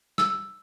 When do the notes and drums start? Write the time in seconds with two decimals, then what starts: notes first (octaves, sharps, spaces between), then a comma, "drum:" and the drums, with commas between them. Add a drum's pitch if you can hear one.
0.18 E6, drum: snare